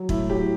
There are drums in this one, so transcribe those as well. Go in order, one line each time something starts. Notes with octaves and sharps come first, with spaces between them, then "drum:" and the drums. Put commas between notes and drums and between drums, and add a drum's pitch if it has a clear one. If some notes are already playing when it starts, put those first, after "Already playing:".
Already playing: F#3
A2 E4, drum: kick
F#3 G4